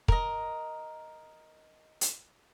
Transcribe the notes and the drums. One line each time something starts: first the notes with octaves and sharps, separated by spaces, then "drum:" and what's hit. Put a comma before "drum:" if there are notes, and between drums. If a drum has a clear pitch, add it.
A#4 D#5, drum: kick
drum: hi-hat